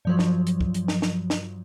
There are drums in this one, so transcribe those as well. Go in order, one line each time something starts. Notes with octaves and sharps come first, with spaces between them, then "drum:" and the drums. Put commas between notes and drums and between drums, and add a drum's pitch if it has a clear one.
G2 F3 F#3
drum: snare
drum: hi-hat
drum: kick
drum: hi-hat
drum: snare
drum: snare
drum: snare